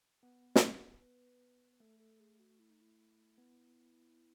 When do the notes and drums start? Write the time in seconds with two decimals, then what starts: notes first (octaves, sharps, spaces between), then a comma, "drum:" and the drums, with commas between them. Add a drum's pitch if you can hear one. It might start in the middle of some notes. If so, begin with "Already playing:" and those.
0.22 B3 B4
0.56 drum: snare
1.01 B4
1.73 B4
1.80 A3 A4
1.99 A4
2.20 G#4
2.39 F#4
2.59 E4
2.70 D#4
2.81 E4
3.38 B3